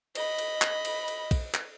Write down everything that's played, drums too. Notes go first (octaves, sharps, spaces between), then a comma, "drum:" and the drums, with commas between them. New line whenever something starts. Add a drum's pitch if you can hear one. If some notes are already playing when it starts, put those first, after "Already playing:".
D#5 B5, drum: cymbal
drum: cymbal
drum: clap
drum: cymbal
drum: cymbal
drum: kick, cymbal
drum: clap